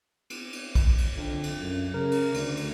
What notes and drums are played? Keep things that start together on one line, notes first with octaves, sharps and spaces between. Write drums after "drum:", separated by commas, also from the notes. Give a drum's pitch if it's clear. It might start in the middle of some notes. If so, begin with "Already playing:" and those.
drum: cymbal
drum: cymbal
drum: kick A#1, cymbal
drum: cymbal
F2 D3
drum: cymbal
F#2
C#3 A#4
drum: cymbal
D2, drum: cymbal
drum: cymbal